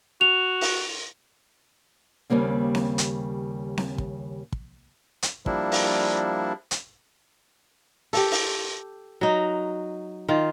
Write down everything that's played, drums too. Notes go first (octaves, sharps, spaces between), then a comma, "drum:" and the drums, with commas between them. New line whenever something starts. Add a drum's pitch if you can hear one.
F#4 F7
drum: open hi-hat
D#2 C#3 G3 A#3 C4
drum: snare C4
drum: hi-hat
drum: snare C4
drum: kick
drum: kick
drum: hi-hat
F3 G3 A#3 D4 E4, drum: kick
drum: open hi-hat
drum: hi-hat
G4 A4, drum: open hi-hat
drum: open hi-hat
F#3 D#4
D#3 F4